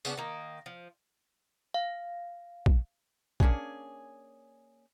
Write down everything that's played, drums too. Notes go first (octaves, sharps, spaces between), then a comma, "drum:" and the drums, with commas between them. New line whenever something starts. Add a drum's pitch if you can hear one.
C#3 B3 C#4 D4, drum: tambourine
D#3 A#3
F3
F5
drum: kick A#1
A#3 C#4 D4 G#4, drum: kick A#1